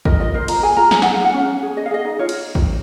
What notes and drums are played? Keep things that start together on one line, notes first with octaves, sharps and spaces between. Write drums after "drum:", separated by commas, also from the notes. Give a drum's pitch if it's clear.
A#4 D#5, drum: kick
F4 D#5
A#4 C5
F4 A#5, drum: cymbal
G#4 G#5
F4 A#5
G#4 G#5, drum: snare
G#4 F#5, drum: snare
F5
D#4 F#5
C#4
C#4
G#4
G#4 D#5
F5
G#4 D#5
D#4
F4 C#5
drum: cymbal
drum: kick